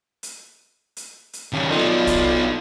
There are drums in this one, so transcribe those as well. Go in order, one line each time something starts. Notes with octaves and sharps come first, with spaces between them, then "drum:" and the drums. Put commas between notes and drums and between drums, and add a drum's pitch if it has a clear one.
drum: hi-hat
drum: hi-hat
drum: hi-hat
D#3 C#4
D3 B3 D#4 F4
drum: kick, hi-hat